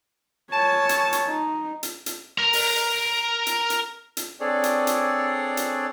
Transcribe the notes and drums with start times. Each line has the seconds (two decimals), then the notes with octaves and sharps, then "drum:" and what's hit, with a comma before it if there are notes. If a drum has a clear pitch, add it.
0.53 A#2 C#5 G#5 A5
0.89 drum: hi-hat
1.13 drum: hi-hat
1.27 D#4
1.83 drum: hi-hat
2.06 drum: hi-hat
2.38 A#4 A#5
2.53 drum: open hi-hat
3.47 drum: hi-hat
3.70 drum: hi-hat
4.17 drum: hi-hat
4.40 C4 D4 G#4 A4 C#5 D5
4.64 drum: hi-hat
4.87 drum: hi-hat
5.57 drum: hi-hat